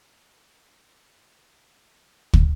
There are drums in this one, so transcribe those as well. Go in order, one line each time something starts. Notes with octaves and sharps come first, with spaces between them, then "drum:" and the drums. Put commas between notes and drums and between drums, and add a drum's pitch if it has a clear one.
C#4 G4 B4
drum: kick